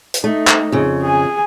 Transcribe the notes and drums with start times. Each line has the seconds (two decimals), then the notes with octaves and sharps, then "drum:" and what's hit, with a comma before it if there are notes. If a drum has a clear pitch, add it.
0.14 drum: hi-hat
0.24 A3 D#4
0.47 drum: clap
0.72 F2 C#3
1.02 G#4 G#5